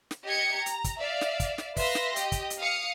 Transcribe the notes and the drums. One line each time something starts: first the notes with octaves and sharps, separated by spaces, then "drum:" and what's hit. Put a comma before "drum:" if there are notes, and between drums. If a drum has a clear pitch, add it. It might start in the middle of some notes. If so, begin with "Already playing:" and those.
drum: snare
G4 D#5 G#6 C#7
A#5
drum: hi-hat
drum: kick, hi-hat
D5 E5 F5
drum: snare
drum: kick, hi-hat
drum: snare
B4 E5 F5 C6 A#6, drum: kick, open hi-hat
drum: snare
G4 D#5, drum: hi-hat
drum: kick, hi-hat
drum: hi-hat
F5 D#6 C#7